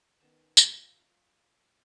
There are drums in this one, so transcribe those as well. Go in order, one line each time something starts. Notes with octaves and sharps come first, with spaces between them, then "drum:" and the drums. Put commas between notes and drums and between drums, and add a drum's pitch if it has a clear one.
D#3 B3 C#4 A5
F4 C5 C#5 G5, drum: tambourine
F5 A#5